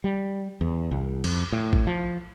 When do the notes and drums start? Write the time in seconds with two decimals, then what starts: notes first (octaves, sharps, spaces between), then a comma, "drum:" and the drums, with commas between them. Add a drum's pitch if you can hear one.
0.04 G3
0.61 E2
0.91 C2
1.24 F2, drum: cymbal
1.52 A2
1.73 drum: kick G#1
1.87 F3